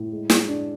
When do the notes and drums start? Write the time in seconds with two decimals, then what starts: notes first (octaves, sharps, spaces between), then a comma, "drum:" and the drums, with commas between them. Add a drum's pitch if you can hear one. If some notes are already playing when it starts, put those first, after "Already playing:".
Already playing: A2
0.12 G#3
0.30 G#4, drum: snare
0.48 D4